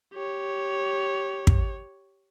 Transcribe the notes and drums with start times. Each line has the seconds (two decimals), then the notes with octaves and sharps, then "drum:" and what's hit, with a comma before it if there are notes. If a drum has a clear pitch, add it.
0.14 G4 C#5
1.47 drum: kick